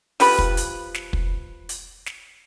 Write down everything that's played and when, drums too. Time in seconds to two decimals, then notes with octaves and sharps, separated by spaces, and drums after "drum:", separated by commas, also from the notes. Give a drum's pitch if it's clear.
0.20 F3 G4 B4 B5, drum: open hi-hat
0.39 drum: kick
0.57 drum: hi-hat
0.94 drum: snare
1.13 drum: kick
1.69 drum: hi-hat
2.06 drum: snare